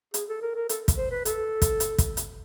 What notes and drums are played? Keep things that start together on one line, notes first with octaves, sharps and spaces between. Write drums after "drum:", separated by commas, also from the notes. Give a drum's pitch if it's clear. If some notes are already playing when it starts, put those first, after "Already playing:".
G#4, drum: hi-hat
A4
A#4
A#4
A4, drum: hi-hat
drum: kick, hi-hat
C5
B4
A4, drum: hi-hat
drum: kick, hi-hat
drum: hi-hat
drum: kick, hi-hat
drum: hi-hat